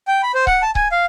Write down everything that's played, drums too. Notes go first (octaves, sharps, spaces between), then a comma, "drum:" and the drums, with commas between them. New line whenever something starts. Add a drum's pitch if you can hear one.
G5
B5
C5
F#5, drum: kick C#1
A5
G#5, drum: kick C#1
F5